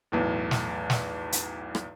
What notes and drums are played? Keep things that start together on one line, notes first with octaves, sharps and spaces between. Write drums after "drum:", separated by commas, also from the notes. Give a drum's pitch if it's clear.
B1 E2 A2
drum: snare
drum: snare
drum: hi-hat
drum: rim click